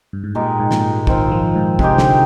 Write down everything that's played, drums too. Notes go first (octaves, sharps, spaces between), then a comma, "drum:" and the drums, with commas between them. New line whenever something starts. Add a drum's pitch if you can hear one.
G2
G#2
A#2 G#3 D#4 G4 A#4
G#2
A#2, drum: snare
D#3 G#3 C4 F4 A#4, drum: kick
F3
G#2
C3 G#3 C4 D#4 G4, drum: kick
D3, drum: snare